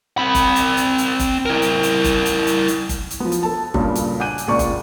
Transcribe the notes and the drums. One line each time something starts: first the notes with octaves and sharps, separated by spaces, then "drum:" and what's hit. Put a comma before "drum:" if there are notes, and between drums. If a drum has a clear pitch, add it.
C4 B5
drum: kick G1, hi-hat
drum: hi-hat
drum: hi-hat
drum: hi-hat
drum: kick G1, hi-hat
E4 A#4
drum: hi-hat
drum: hi-hat
drum: kick G1, hi-hat
drum: hi-hat
drum: hi-hat
drum: hi-hat
drum: kick G1, hi-hat
drum: hi-hat
F3 B3
drum: hi-hat
A4 A5
G2 A#2 C#3, drum: kick G1
drum: hi-hat
F#5 G#5 D6 F#6 G6 D#7
drum: hi-hat
C#2 A#2 D5 C#6
drum: kick G1, hi-hat